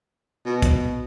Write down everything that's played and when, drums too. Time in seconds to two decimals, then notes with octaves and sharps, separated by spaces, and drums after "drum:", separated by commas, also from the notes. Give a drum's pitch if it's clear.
0.45 B2
0.62 drum: kick, hi-hat